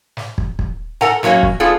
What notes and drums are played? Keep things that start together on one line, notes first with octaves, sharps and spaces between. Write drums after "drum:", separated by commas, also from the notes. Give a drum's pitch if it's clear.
drum: snare
drum: kick
drum: kick
A4 A#4 F#5 G#5 A#5, drum: snare
F#2 F#3 A#3 C#4 C#5, drum: snare
drum: kick
B3 D4 F4 G#4 A4